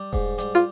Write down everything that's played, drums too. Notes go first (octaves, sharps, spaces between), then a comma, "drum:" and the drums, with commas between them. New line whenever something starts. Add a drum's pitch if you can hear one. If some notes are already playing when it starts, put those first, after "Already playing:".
Already playing: G3
G#2, drum: kick E1
G3, drum: hi-hat
F4